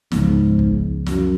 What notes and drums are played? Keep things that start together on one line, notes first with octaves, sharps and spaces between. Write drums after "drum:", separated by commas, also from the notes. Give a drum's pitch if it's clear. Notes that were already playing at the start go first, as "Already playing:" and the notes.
C#2 G#2 C#3 F3 B3, drum: snare
drum: kick
F#2, drum: snare